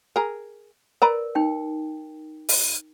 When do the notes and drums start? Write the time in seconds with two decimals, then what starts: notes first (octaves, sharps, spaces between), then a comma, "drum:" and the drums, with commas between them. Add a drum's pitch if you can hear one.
0.16 G#4 A#4
1.02 A#4 B4 D5 A#5
1.35 D#4 G5
2.49 drum: open hi-hat